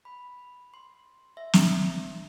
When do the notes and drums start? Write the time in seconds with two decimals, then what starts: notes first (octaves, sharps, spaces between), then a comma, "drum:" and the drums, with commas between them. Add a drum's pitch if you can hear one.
0.05 B5
0.74 C6
1.37 E5
1.53 drum: snare